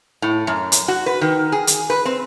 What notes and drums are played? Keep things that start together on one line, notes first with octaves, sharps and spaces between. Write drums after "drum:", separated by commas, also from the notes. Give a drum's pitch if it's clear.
A2
F#2
drum: hi-hat
F#4
B4
D#3
G#4
drum: hi-hat
B4
C4